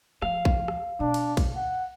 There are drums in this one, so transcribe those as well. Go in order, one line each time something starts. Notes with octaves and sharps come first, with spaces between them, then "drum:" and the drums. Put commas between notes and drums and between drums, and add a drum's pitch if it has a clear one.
F3 F5, drum: rim click
drum: kick A#1
drum: rim click
B2 D4
drum: cymbal
drum: kick A#1, cymbal
F#5